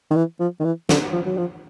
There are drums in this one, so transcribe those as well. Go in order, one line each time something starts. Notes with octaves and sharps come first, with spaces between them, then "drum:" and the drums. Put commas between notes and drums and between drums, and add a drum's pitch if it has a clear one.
D#3
E3
F3
D#3
E3
D3, drum: snare
F3
F#3
F3